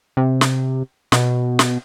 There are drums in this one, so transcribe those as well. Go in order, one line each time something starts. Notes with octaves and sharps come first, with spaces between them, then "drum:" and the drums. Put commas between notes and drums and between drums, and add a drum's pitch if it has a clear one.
C3
drum: snare
B2, drum: snare
drum: snare